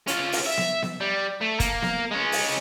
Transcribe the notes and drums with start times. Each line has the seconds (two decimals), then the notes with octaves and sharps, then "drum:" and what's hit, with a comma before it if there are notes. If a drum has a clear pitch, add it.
0.07 C#4 F4, drum: hi-hat
0.32 drum: open hi-hat
0.46 E5
0.57 drum: snare B3
0.82 drum: snare B3
1.00 G3
1.41 A3
1.60 A#3, drum: kick, hi-hat
1.82 drum: snare B3
2.11 G#3 C#4
2.32 drum: open hi-hat